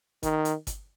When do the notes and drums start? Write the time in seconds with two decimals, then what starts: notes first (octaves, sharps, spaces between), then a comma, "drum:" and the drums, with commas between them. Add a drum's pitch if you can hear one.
0.23 D#3, drum: kick G1, hi-hat
0.45 drum: hi-hat
0.67 drum: kick G1, hi-hat